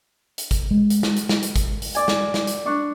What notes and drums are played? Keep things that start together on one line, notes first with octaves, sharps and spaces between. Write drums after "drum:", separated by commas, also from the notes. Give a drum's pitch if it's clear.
drum: hi-hat
drum: kick G#1, hi-hat
G#3
drum: hi-hat
drum: snare
drum: hi-hat
drum: snare
drum: hi-hat
drum: kick G#1, hi-hat
drum: open hi-hat
D5 G#5, drum: hi-hat
drum: snare
drum: snare
drum: hi-hat
D4 C#6 F#6